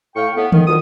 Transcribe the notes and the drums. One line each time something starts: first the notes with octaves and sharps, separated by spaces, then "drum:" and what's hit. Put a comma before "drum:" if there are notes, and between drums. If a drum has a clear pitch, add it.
A2 F5 G5 C#6
A2 B3
D#3, drum: tom D#3
D2 D3 F4 D#6